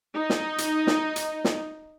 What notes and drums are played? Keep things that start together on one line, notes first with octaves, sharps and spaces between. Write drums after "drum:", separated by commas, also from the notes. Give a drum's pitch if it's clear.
D#4 D#5
drum: snare
drum: hi-hat
drum: snare
drum: hi-hat
drum: snare